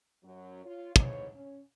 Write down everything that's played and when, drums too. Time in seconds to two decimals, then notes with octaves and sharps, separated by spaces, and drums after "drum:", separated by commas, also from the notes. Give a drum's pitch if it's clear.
0.24 F#2 F#3
0.65 F4 C#5
0.96 F2 G#2 E3 C#5, drum: kick
1.34 C#4